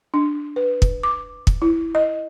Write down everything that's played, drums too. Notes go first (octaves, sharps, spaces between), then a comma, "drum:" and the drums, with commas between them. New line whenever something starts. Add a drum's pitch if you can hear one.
D4
B4
drum: kick
D6
drum: kick
E4
D#5